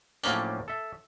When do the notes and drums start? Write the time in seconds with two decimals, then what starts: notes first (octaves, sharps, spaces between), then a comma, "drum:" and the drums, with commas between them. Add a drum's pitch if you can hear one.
0.23 A2 F3 F#3 A#3 C#4 D4, drum: tambourine
0.68 A4 E5